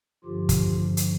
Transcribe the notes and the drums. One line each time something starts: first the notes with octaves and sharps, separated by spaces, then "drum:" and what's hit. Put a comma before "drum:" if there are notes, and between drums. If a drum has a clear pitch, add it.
G2 D3 F3 F4 G4
drum: kick, hi-hat
drum: hi-hat